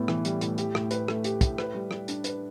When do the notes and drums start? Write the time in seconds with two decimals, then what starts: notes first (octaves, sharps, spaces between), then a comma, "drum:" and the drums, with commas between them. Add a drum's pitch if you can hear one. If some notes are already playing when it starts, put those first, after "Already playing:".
Already playing: A2 G3 B3
0.08 E3, drum: rim click
0.25 G3, drum: hi-hat
0.41 A2, drum: hi-hat
0.58 G4, drum: hi-hat
0.75 A2, drum: rim click
0.91 B4, drum: hi-hat
1.08 A3, drum: rim click
1.24 G4, drum: hi-hat
1.41 A2, drum: kick, hi-hat
1.58 B4, drum: rim click
1.74 G3
1.91 G3, drum: rim click
2.08 D4, drum: hi-hat
2.24 B4, drum: hi-hat